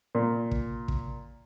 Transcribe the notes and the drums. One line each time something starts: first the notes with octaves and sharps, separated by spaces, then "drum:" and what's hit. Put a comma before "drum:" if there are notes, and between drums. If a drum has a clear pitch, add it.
A#2
drum: kick
drum: kick